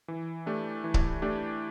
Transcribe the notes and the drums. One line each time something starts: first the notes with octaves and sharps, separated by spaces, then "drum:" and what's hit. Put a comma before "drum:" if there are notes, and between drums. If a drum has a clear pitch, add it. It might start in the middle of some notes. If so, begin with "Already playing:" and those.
E3
A3 D4 G4
E3
drum: kick C#1
A3 D4 G4